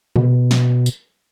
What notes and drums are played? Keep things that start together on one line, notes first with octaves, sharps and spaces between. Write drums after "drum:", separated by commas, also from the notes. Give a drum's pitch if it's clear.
B2, drum: tom B2
drum: snare
drum: tambourine